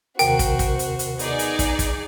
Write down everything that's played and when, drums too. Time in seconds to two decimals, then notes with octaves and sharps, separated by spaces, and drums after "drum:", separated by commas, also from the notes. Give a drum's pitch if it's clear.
0.19 D#2 C3 C4 F#4 A#4 G5, drum: hi-hat
0.39 drum: kick, hi-hat
0.59 drum: kick, hi-hat
0.79 drum: hi-hat
0.99 drum: hi-hat
1.19 B3 D#4 G#4 D5, drum: hi-hat
1.39 drum: hi-hat
1.59 drum: kick, hi-hat
1.79 drum: kick, hi-hat